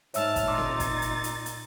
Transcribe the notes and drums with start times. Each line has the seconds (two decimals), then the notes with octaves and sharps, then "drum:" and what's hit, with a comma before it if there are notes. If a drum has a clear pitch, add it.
0.14 G#2 C#5 E5 A5 E6 F6, drum: hi-hat
0.36 drum: kick, hi-hat
0.48 A#2 D#4 C6 D6 E6 A6
0.58 drum: snare C4
0.80 drum: kick, hi-hat
1.02 drum: hi-hat
1.24 drum: hi-hat
1.46 drum: hi-hat